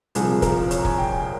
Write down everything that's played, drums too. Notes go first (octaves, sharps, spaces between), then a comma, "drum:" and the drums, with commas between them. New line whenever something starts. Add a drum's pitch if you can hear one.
C2 A#2 F3 G#4, drum: hi-hat
A#4, drum: kick, hi-hat
C#5, drum: hi-hat
A#5
G#5, drum: kick
G5
G#5